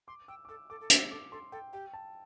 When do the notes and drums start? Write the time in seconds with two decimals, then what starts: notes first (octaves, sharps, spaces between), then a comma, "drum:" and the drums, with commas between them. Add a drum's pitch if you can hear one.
0.08 C6 D6
0.28 G5 E6
0.45 D6
0.49 A4 E6
0.70 A4 D6
0.81 A4
0.90 B4 E6, drum: hi-hat
1.11 A4 D6
1.32 A4 C6
1.52 A4 G5
1.73 G4 G5
1.93 A5